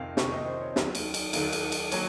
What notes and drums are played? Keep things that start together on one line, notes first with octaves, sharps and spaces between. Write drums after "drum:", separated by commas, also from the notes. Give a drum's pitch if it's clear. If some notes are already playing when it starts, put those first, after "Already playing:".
Already playing: F2 C3 D#3 F5
F2 C3 D#3 C#6, drum: snare
D#5
C5
C#5
D#2 D#3 F#3, drum: snare
drum: cymbal
drum: cymbal
D#2 D#3 F#3 F5, drum: cymbal
drum: cymbal
drum: cymbal
F#3 A#3 C#5, drum: cymbal